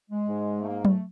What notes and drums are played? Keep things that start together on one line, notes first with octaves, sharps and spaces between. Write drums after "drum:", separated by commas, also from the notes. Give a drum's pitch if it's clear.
G#3
G#2
A3
A#3
A3, drum: tom F#3